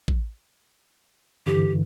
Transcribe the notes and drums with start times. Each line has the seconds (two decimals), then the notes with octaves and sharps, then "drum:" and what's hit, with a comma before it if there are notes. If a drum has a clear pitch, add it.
0.08 drum: kick
1.46 G2 D3 E3 G4